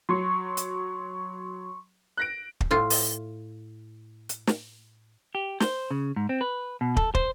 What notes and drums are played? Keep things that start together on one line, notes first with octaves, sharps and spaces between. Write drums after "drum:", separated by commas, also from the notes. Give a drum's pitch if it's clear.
F#3 C6 C#6
drum: hi-hat
F#6 A#6 D7
drum: kick
A2 F4
drum: open hi-hat
drum: hi-hat
drum: snare
G4
C5, drum: snare
C#3
G#2
C4
B4
B2
A4, drum: kick
C5, drum: kick